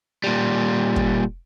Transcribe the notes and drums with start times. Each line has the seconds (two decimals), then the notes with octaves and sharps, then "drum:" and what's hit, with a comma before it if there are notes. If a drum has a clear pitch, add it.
0.24 A#2 G3
0.96 drum: kick